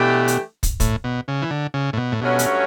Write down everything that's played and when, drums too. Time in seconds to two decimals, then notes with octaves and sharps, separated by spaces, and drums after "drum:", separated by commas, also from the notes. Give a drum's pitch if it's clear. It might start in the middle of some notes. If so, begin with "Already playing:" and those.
Already playing: B2 E3 A3 D4 G4
0.28 drum: hi-hat
0.63 drum: kick, hi-hat
0.80 A2, drum: kick, hi-hat
1.04 B2
1.28 C#3
1.42 E3
1.51 D3
1.74 C#3
1.93 A2
1.97 B2
2.12 A2
2.21 G2 B2 F#3 A3 C#4
2.39 drum: hi-hat